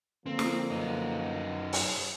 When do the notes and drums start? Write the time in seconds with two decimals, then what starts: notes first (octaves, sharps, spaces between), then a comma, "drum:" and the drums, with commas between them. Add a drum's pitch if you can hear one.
0.26 D3 F3 A#3 C4
0.39 drum: snare
0.71 F#2 D#4
1.73 drum: open hi-hat